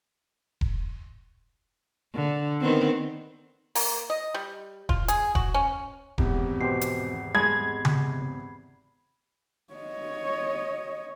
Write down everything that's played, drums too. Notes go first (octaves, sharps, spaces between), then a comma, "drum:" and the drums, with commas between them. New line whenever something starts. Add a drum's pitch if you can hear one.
drum: kick E1
D3
D#3 B3 C4
A#3, drum: open hi-hat
D#5
G3
F4, drum: kick E1
G#4, drum: hi-hat
F#4, drum: kick E1
C#4
G#1 E2 C3, drum: kick E1
B2 G4 C5 C7
drum: hi-hat
G#3 D#5 A5 B5 G#6
drum: tom C#3
C#5 D#5